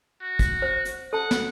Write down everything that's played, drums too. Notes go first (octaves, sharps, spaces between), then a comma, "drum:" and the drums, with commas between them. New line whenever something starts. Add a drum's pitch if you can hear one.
F#4
drum: kick, hi-hat
C5
drum: hi-hat
A4 F#5 A5
drum: snare